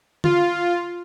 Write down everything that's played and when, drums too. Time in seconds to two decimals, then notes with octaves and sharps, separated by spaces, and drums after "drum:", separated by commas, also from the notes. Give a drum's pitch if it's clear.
0.24 F4, drum: tom D3